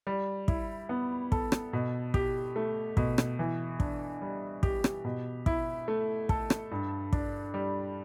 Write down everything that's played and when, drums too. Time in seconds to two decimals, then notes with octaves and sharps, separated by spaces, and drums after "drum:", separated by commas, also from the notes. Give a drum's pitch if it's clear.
0.07 G3
0.48 E4, drum: kick
0.89 B3
1.32 A4, drum: kick
1.52 drum: rim click
1.73 B2
2.14 G4, drum: kick
2.56 A3
2.97 B2, drum: kick
3.18 drum: rim click
3.39 E3
3.80 D4, drum: kick
4.22 G3
4.63 G4, drum: kick
4.84 drum: rim click
5.05 B2
5.46 E4, drum: kick
5.88 A3
6.29 A4, drum: kick
6.50 drum: rim click
6.71 G2
7.13 D4, drum: kick
7.54 G3